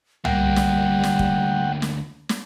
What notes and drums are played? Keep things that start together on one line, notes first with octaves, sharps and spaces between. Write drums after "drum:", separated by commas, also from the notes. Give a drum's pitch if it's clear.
D2 G3 A#3 F#5 G5, drum: tom C2
drum: snare
drum: snare
drum: kick
drum: snare
drum: snare